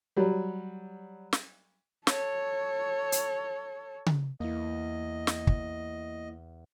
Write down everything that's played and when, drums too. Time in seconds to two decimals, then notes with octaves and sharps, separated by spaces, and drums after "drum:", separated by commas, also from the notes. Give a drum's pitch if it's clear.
0.17 F#3 G3
1.33 drum: snare
2.07 A4 C#5, drum: snare
3.12 drum: hi-hat
4.06 drum: tom C#3
4.40 E2 A#3 E4 D#5
5.27 drum: snare
5.47 drum: kick